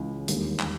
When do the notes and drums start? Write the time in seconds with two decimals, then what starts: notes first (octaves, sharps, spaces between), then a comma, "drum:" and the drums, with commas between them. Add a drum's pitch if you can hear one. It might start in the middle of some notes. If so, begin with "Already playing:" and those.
Already playing: C#2 C#3 E3
0.28 E1 D#2 D3 G3, drum: hi-hat
0.59 drum: clap